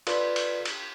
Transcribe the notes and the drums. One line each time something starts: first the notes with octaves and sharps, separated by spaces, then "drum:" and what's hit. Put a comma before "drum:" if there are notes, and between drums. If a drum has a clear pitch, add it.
F4 A4 B4 D5, drum: cymbal
drum: cymbal
drum: cymbal